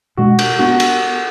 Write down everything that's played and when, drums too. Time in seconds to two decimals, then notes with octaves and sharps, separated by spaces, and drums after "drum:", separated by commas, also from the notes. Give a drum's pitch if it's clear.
0.17 B2 G#3 D4 F#4
0.39 drum: cymbal
0.59 B3 D4 F#4
0.80 drum: cymbal